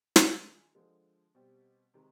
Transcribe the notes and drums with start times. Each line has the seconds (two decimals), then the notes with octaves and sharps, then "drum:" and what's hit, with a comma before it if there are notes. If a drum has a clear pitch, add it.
0.16 D#3 G#3 D4 F4 G#4, drum: snare
0.75 D3 F3 G#3
1.35 B2 G3 C4 G4
1.94 C3 D#3 G#3